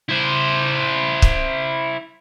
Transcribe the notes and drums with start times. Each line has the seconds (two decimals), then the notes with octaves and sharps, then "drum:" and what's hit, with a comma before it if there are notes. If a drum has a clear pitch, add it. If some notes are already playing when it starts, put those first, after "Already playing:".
0.09 E4 C5
1.22 drum: kick